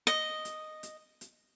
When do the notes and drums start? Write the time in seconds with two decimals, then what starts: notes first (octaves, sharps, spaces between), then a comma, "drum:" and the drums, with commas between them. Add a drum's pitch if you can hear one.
0.07 D#5, drum: hi-hat
0.45 drum: hi-hat
0.83 drum: hi-hat
1.21 drum: hi-hat